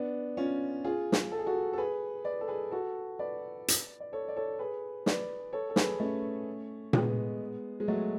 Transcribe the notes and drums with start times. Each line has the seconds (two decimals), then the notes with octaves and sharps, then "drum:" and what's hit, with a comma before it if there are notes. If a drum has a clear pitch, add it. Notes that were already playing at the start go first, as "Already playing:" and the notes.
Already playing: B3 D4
0.37 C#4 F4
0.85 F4 G#4
1.12 drum: snare
1.32 A4
1.39 G#4
1.46 F#4 A4
1.73 A4
1.78 G#4 B4
2.25 B4 D5
2.41 A4
2.48 G#4 B4
2.71 F#4 A4
3.19 B4 D5
3.68 drum: hi-hat
4.00 D5
4.13 A4 C#5
4.28 D5
4.36 A4 C#5
4.59 G#4 B4
5.06 B4 D5, drum: snare
5.53 A4 C#5
5.70 A4
5.76 G#4 B4, drum: snare
6.00 A3 C#4
6.93 G#3 B3, drum: tom A#2
7.80 G#3
7.88 F#3 A3